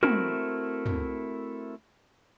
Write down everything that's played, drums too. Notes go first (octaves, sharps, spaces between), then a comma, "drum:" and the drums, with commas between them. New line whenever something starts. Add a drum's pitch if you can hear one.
A3 C4 E4 F#4 A#4, drum: tom
drum: tom